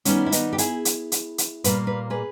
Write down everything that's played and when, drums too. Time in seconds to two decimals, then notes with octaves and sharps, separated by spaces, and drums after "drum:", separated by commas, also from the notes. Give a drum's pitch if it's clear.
0.05 D#3 G3 B3 C#4, drum: hi-hat
0.26 E4
0.32 B3 D#4, drum: hi-hat
0.53 G4
0.58 E4 G#4, drum: hi-hat
0.85 drum: hi-hat
1.12 drum: hi-hat
1.38 drum: hi-hat
1.64 A#2 G3 A#3 B4, drum: hi-hat
1.87 B4
2.10 G#4 B4